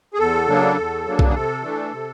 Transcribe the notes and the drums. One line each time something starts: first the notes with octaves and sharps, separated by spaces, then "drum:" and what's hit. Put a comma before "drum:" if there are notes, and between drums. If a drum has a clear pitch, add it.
G#4
E2 A4
C#3 F#3 A#3 D4
E2
C#3 F#3 A#3 D4
drum: kick B1
G#4
C3 A4
E3 A3 D4
C3